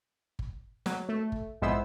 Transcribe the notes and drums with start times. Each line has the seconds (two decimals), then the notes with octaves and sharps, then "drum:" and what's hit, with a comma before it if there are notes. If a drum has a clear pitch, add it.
0.39 drum: kick G1
0.86 F#3, drum: snare
1.09 A3
1.32 drum: kick G1
1.62 A#1 G#2 B3 E4 C5 E6